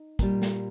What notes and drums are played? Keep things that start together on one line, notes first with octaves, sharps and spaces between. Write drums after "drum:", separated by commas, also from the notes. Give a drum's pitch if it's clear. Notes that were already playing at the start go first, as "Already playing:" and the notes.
Already playing: D#4
A#2 G3, drum: kick, hi-hat
drum: snare